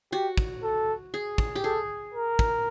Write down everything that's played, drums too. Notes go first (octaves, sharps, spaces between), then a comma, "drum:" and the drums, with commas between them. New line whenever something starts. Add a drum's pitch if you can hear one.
F#4 G4
drum: kick
A4
G#4
drum: kick
G4
G#4 A4
A#4
drum: kick